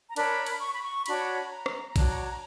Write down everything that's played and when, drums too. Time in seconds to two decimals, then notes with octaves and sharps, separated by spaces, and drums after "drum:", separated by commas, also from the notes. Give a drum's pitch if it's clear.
0.11 A#5
0.16 D4 A#4 C#5 B5, drum: cymbal
0.46 drum: cymbal
0.61 C#6
0.72 B5
0.82 C#6
1.06 D4 F#4 C#5 B5, drum: cymbal
1.51 A#5
1.66 drum: rim click
1.96 D4 F#4 C#5, drum: kick B1, cymbal